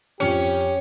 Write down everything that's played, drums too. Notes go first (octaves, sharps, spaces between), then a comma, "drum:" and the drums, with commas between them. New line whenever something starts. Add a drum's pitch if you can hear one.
F2 C#4 G4 C#7, drum: hi-hat
drum: hi-hat
drum: hi-hat